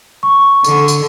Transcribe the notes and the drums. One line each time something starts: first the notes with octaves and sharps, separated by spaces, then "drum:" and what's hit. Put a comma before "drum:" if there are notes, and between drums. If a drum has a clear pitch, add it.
C#6
D3, drum: tambourine
drum: tambourine